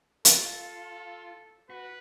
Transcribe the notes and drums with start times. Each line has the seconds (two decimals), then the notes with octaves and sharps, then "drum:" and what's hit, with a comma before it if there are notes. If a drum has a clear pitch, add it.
0.25 F4 A4, drum: hi-hat
1.70 F#4 B4